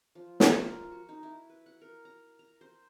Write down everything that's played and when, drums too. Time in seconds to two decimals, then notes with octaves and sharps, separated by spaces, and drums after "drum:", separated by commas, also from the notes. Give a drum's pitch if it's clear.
0.15 F3
0.40 F4, drum: snare
0.62 A#4
0.92 F#4
1.09 D#4
1.23 E4
1.50 B4
1.66 F#5
1.81 A#4
2.05 A#5
2.39 A#5
2.61 C5